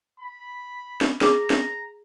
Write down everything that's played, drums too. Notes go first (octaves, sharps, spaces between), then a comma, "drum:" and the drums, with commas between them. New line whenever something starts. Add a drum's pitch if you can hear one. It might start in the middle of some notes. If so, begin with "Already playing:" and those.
B5
drum: snare
G#4 A#5 D6, drum: snare
drum: snare